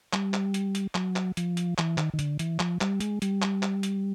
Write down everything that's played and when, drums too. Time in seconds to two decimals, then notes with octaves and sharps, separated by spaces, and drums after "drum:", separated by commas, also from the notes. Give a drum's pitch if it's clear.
0.13 G3, drum: clap
0.34 drum: clap
0.54 drum: hi-hat
0.75 drum: hi-hat
0.95 F#3, drum: clap
1.16 drum: clap
1.37 F3, drum: hi-hat
1.57 drum: hi-hat
1.78 E3, drum: clap
1.98 D#3, drum: clap
2.14 D#3
2.19 D3, drum: hi-hat
2.39 E3, drum: hi-hat
2.60 F3, drum: clap
2.81 G3, drum: clap
3.00 G#3, drum: hi-hat
3.22 G3, drum: hi-hat
3.42 drum: clap
3.63 drum: clap
3.83 drum: hi-hat